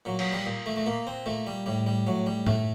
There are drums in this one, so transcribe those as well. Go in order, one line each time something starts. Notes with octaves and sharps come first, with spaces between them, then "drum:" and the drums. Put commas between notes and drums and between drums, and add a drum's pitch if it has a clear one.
A#2 F#3
F#3, drum: cymbal
G3
A#2
A3
A3
A#2 A#3
C4
A#2 A3
G3
A2 G3
G3
A2 F#3
G3
A2 A3, drum: tom G2